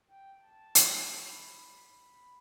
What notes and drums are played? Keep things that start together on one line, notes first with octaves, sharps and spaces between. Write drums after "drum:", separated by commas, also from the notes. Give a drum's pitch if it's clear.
G5
A5
drum: hi-hat
B5